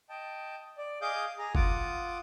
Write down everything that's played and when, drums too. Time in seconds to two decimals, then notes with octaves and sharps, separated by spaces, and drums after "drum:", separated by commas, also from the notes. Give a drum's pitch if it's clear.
0.09 D#5 G5 A5
0.78 D5
1.02 G#4 D#5 F5 D6 D#6 G6
1.39 G#4 A#5
1.55 F4 F#5 D6 D#6, drum: kick